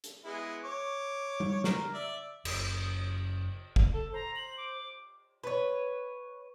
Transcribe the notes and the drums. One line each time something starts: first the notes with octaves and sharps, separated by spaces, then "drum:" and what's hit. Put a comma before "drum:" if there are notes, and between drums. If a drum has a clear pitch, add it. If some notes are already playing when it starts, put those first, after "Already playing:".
drum: hi-hat
G#3 B3 E4
C#5 D6
drum: tom G3
A#4, drum: snare
D5 E5
F#1, drum: cymbal
drum: kick
A4
C5 A#5
F#7
D6
B4 C#5